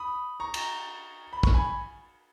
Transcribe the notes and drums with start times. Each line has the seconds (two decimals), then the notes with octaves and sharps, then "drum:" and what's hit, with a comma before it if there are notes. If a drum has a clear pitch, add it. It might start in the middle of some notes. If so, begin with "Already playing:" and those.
Already playing: B5 D#6
0.40 A#5 C#6
0.54 drum: cymbal
1.33 B5
1.43 C#6, drum: kick
1.54 G#5 B5